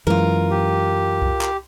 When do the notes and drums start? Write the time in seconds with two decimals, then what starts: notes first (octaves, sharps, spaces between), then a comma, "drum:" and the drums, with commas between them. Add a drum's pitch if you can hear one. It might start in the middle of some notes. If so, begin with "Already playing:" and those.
0.07 F#2 E3 G#3 F4 A#4
0.51 G4
1.22 drum: kick C2
1.41 drum: clap